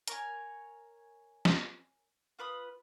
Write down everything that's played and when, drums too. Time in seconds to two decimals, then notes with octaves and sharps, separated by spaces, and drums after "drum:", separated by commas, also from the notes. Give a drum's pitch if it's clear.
0.08 A#4 C#5 G#5, drum: hi-hat
1.45 drum: snare
2.39 F4 B4 B5 D#6